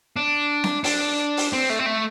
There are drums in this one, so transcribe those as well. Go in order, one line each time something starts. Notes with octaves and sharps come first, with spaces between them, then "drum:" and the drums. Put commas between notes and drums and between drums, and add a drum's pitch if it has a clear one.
D4
drum: snare C4
D4, drum: open hi-hat
drum: open hi-hat
C4
A3
C4
A3